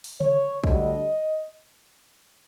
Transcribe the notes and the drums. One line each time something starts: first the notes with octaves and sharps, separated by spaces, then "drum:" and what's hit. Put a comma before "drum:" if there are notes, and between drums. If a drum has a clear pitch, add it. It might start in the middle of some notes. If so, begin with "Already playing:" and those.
drum: open hi-hat
C#5, drum: tom C#3
D2 D3 G3 D#5, drum: kick